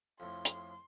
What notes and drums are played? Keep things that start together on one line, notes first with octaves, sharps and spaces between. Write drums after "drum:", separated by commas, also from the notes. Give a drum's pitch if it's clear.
F2 A2 C6
drum: hi-hat